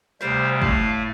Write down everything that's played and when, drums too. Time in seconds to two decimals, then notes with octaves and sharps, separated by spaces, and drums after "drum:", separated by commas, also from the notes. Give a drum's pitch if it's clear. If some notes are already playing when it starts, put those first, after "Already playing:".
0.21 D2 C3 G3 C5 F5, drum: snare
0.62 A2 A3 F5 A5, drum: kick